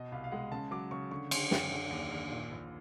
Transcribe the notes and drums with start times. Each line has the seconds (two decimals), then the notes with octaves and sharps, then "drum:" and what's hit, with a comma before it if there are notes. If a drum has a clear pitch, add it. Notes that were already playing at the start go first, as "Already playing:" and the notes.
Already playing: B2 D#5
0.12 C2 F5
0.24 F5
0.32 G#3 F#5
0.52 C#3 A5
0.71 F#3 D6
0.91 C#3 C#6
1.11 D3 C#6
1.31 D3 C6, drum: cymbal
1.51 F#2 G5, drum: snare
1.71 D3
1.91 D#2
2.11 D#2
2.31 A#2
2.51 A#1